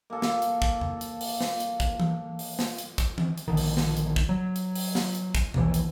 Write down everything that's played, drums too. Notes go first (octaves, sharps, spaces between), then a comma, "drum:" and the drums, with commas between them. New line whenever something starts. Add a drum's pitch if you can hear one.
A#3 A4
drum: snare
drum: hi-hat
drum: kick
drum: tom E2
drum: hi-hat
drum: open hi-hat
drum: snare
drum: hi-hat
drum: kick, hi-hat
drum: tom E3
drum: open hi-hat
drum: snare
drum: hi-hat
drum: kick, hi-hat
drum: tom E3
drum: hi-hat
A#1 D3 D#3
drum: open hi-hat
drum: snare
drum: hi-hat
drum: kick
F#3
drum: hi-hat
drum: open hi-hat
drum: snare
drum: hi-hat
drum: kick, hi-hat
A#1 D#2 E3, drum: tom B2
drum: hi-hat